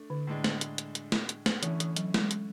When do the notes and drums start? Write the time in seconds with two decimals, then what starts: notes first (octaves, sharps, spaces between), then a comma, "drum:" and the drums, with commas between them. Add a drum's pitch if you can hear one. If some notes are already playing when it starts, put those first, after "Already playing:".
Already playing: A3 D4
0.10 D3
0.27 A2 G#3 D4
0.44 drum: snare
0.61 drum: hi-hat
0.78 drum: hi-hat
0.95 drum: hi-hat
1.12 drum: snare
1.29 drum: hi-hat
1.46 drum: snare
1.63 D3 E3 A3 C#4 E4, drum: hi-hat
1.80 E3, drum: hi-hat
1.96 F#3, drum: hi-hat
2.14 G#3, drum: snare
2.31 drum: hi-hat